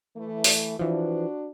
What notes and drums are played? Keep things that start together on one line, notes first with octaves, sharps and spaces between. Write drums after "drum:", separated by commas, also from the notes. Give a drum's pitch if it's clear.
E3 A3
drum: open hi-hat
E3 F3 D4 F#4